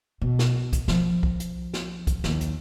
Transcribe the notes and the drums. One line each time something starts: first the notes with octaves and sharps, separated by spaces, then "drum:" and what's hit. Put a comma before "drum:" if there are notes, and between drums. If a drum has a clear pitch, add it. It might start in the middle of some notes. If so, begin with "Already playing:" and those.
B2
drum: snare
drum: kick, hi-hat
F3, drum: snare
drum: kick
drum: hi-hat
drum: snare
drum: kick, hi-hat
D#2, drum: snare
drum: hi-hat